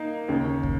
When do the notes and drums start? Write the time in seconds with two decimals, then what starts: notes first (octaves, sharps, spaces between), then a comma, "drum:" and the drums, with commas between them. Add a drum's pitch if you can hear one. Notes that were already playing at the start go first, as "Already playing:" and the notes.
Already playing: A#3 D#4
0.28 D#2 C#3
0.63 drum: kick